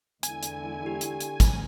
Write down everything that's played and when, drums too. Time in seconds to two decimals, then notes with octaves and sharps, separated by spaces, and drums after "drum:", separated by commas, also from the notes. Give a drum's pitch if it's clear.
0.23 E2 D3 G#3 E4 G#5, drum: hi-hat
0.43 drum: hi-hat
0.86 G4
1.01 drum: hi-hat
1.20 drum: hi-hat
1.40 drum: kick, hi-hat